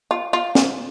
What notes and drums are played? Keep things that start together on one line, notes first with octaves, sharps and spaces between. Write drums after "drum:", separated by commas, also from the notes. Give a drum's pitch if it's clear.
F4
F4
drum: snare